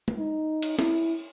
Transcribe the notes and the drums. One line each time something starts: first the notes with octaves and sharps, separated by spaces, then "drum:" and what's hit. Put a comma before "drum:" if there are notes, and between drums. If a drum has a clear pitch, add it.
drum: tom G#3
D#4
drum: cymbal
E4, drum: snare